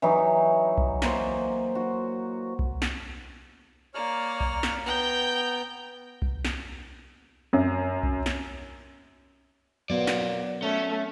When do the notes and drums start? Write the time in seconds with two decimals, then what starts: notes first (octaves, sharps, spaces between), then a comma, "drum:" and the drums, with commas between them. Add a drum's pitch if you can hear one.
0.02 E3 F#3 D#4
0.78 drum: kick B1
1.02 A#3 C5, drum: snare
1.75 F#4
2.59 drum: kick B1
2.82 drum: snare
3.94 A#3 C#5 D5 F6
4.40 drum: kick B1
4.63 drum: snare
4.86 B3 G5 A#5 G6
6.22 drum: kick B1
6.45 drum: snare
7.53 F#2
8.03 drum: kick B1
8.26 drum: snare
9.90 F#3 B3 A#4 D5
10.07 drum: snare
10.62 A3 C#4